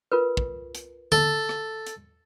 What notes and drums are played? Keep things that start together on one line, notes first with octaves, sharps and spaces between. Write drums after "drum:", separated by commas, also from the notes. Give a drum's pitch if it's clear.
F4 A#4 B4
drum: kick
drum: hi-hat
A4, drum: tom D3
drum: rim click
drum: hi-hat